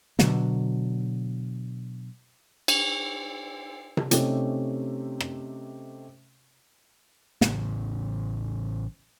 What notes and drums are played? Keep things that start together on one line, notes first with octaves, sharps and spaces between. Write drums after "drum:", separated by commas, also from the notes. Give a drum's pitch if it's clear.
B2 D3 F#3, drum: snare
drum: cymbal
drum: tom C3
C3 A3 C#4 D#4 G4, drum: hi-hat
drum: rim click
A1 A2 C#3, drum: snare